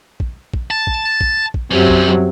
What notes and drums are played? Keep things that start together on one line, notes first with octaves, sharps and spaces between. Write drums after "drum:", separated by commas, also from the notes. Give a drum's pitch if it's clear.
drum: kick A#1
drum: kick A#1
A5
drum: kick A#1
drum: kick A#1
drum: kick A#1
F#2 C3 F#3 G3 C#4
drum: kick A#1